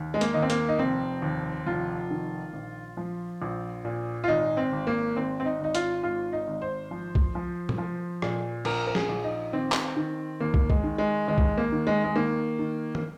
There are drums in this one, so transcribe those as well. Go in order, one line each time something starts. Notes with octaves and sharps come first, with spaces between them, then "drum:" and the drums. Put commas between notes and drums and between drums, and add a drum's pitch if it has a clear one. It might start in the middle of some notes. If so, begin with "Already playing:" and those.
Already playing: D#2
G#3
A#3, drum: hi-hat
D#2 D#4
C4
A#3, drum: hi-hat
D#4
F1 C4
D#2
F1 F4
D#3
A#1
F3
A#1
A#2
F4
G#1 D#4
C4
G#1
A#3
G#1 C4
C4
D#4
G#1 D#4
F4, drum: hi-hat
G#2 F4
D#4
G#1
C5
F3
drum: kick
F3
drum: tom
F3
A#2, drum: rim click
A#1 A#4, drum: cymbal
A#4
G#4, drum: snare
A#1
D#4
D#3 C4
drum: clap
D#3
D#2 A#3
drum: kick
G#3, drum: kick
D#3
G#3
D#2 G#3
drum: kick
A#3
D#3
G#3
G#3
D#3 A#3
D#3
A#3, drum: tom